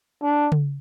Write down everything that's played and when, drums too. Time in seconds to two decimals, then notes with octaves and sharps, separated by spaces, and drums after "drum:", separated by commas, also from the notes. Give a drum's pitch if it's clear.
0.23 D4
0.52 drum: tom C#3